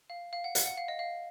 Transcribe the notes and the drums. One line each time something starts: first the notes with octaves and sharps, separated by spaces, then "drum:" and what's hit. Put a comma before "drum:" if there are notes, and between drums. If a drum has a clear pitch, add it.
F5
F5
F#5
F#5, drum: hi-hat
F#5
F5
D#5
F5